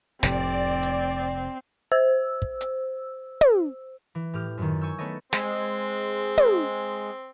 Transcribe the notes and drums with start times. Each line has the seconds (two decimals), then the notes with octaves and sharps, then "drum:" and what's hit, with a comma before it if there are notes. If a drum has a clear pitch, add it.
0.23 F1 A2 C3 C4 D5, drum: snare
0.83 drum: hi-hat
1.92 C5 E6
2.42 drum: kick
2.61 drum: hi-hat
3.41 drum: tom
4.15 E3
4.34 A2 G4 F6
4.58 F#2 D#3
4.80 G#5 C#6 E6 G6
4.99 A3 B3 A4 C#5 D#5
5.33 G#3 C4, drum: snare
6.38 drum: tom